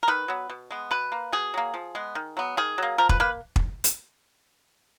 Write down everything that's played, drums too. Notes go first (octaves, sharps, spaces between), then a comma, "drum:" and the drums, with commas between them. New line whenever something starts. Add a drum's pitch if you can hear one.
A#4
D#3 B4
F#3 B3
B2
G#3 B3
B2 B4
A#3
B2 G#4
F#3 A#3
F3
G#3 B3
D#3
F#3 B3
D#3 G#4
F#3 A#3
F3 A#4
B4, drum: kick
A#3 B4
drum: kick
drum: hi-hat